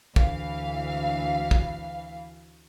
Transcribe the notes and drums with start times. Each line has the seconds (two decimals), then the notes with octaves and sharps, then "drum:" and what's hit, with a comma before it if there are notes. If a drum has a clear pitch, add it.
0.16 D2 E3 F5, drum: kick
1.51 drum: kick